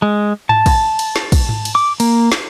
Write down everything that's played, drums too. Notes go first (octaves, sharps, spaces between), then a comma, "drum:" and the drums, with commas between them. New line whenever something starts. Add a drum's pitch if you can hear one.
G#3
A5, drum: tom G#2
drum: kick, cymbal
drum: cymbal
drum: snare
drum: kick, cymbal
drum: tom G#2
drum: cymbal
D6
A#3, drum: cymbal
drum: snare